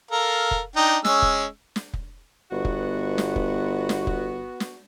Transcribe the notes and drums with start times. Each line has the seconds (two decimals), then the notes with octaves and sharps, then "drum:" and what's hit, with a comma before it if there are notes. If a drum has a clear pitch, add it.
0.11 A4 A#4 F5
0.51 drum: kick
0.76 D4 D#4 G5
1.05 G#3 C#4 E6, drum: snare
1.22 drum: kick
1.76 drum: snare
1.93 drum: kick
2.52 G1 B3 F#4
2.65 drum: kick
3.18 drum: snare
3.36 drum: kick
3.89 drum: snare
4.07 drum: kick
4.60 drum: snare